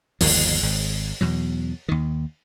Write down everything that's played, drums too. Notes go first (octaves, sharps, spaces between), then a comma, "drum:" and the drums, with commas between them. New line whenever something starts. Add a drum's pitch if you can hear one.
G1 D#2 F3, drum: open hi-hat
G#1
E2 B2 F#3
D#2 D#3